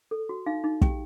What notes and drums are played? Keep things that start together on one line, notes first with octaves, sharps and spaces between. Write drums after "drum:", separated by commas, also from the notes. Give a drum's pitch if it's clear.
A4
F#4
D#4 F5
D#4
G4 G5, drum: kick